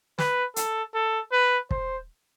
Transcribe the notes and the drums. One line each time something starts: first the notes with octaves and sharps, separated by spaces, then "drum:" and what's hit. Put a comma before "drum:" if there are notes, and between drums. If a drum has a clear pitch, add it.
B4, drum: snare
A4, drum: hi-hat
A4
B4
C5, drum: kick